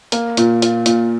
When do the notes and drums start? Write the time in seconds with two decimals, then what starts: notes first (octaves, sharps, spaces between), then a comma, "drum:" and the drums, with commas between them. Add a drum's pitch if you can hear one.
0.12 A#3, drum: hi-hat
0.37 A#2, drum: hi-hat
0.62 F4, drum: hi-hat
0.86 A#2, drum: hi-hat